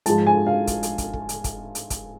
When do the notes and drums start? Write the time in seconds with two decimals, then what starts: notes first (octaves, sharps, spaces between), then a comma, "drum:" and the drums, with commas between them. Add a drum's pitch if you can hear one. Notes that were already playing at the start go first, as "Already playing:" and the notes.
0.06 G#2 F3 G#3 A5, drum: hi-hat
0.27 G#5
0.47 F5
0.67 drum: kick, hi-hat
0.83 drum: hi-hat
0.98 drum: kick, hi-hat
1.13 drum: kick
1.29 drum: hi-hat
1.44 drum: kick, hi-hat
1.75 drum: hi-hat
1.90 drum: kick, hi-hat